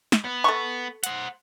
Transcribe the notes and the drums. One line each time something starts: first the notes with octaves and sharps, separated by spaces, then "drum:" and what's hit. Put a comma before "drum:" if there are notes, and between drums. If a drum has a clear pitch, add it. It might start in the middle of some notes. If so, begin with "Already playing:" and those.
drum: snare
B3
A4 C#6
C5 F#5, drum: hi-hat